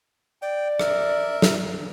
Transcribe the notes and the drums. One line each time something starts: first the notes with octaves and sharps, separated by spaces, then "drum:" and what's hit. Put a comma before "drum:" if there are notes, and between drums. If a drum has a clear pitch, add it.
D5 G5
A#4 E5, drum: rim click
drum: snare